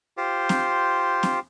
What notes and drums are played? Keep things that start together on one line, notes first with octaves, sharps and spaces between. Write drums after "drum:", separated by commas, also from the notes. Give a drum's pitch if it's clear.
F4 G4 C5
drum: snare
drum: snare